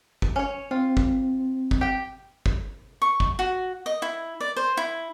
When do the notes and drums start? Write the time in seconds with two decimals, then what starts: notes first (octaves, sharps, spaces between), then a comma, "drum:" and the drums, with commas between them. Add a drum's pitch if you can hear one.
0.22 drum: kick
0.36 C#4 C#5
0.71 C4 F4
0.97 drum: kick
1.71 drum: kick
1.81 G4 G5
2.46 drum: kick
3.02 C#6
3.20 drum: kick
3.39 F#4
3.86 D#5
4.02 E4
4.40 D5
4.56 C5
4.77 E4